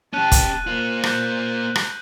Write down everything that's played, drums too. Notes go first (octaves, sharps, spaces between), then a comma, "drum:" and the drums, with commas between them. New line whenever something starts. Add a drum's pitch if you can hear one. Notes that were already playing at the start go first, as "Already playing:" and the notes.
C#4 G4 A5 F#6 D#7
drum: kick, hi-hat
A#3 F4 C5 F#7
F#6 G6, drum: rim click
drum: rim click